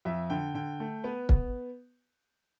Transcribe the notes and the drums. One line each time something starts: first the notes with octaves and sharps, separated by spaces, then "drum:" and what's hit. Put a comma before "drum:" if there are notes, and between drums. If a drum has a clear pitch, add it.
F2 E5
D3 G5
D3 G5
A3
B3 B4
B3, drum: kick